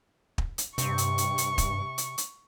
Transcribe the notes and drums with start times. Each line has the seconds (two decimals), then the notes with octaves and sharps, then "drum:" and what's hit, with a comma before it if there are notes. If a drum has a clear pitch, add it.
0.38 drum: kick
0.58 drum: hi-hat
0.78 G2 C3 C#6, drum: hi-hat
0.98 drum: hi-hat
1.18 drum: hi-hat
1.38 drum: hi-hat
1.58 drum: kick, hi-hat
1.98 drum: hi-hat
2.18 drum: hi-hat